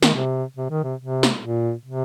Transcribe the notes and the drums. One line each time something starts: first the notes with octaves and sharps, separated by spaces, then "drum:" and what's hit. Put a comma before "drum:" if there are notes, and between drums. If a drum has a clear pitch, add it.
D#3, drum: snare
C3
C3
D#3
C3
C3
drum: snare
A#2
C3